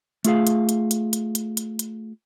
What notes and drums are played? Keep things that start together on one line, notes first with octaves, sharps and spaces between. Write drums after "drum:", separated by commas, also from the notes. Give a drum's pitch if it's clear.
A3 F4 G#4 F5, drum: hi-hat
drum: hi-hat
drum: hi-hat
drum: hi-hat
drum: hi-hat
drum: hi-hat
drum: hi-hat
drum: hi-hat